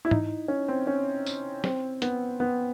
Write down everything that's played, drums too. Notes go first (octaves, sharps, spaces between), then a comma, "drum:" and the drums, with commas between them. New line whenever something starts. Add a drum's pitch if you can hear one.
E4
D#4, drum: tom G#2
C#4
C4
C#4
drum: tambourine
C4, drum: snare
B3, drum: hi-hat
B3